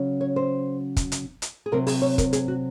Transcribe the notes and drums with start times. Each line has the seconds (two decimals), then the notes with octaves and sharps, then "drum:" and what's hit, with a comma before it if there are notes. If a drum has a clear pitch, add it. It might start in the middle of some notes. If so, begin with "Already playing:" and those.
Already playing: C#3 F#3 C#4
0.21 C#5
0.36 C5
0.97 drum: kick, hi-hat
1.12 drum: hi-hat
1.42 drum: hi-hat
1.66 G#4
1.72 C3 F#3 C4 A#4
1.87 G#4, drum: open hi-hat
2.02 C#5
2.18 A#4, drum: kick, hi-hat
2.33 G#4, drum: hi-hat
2.48 F#4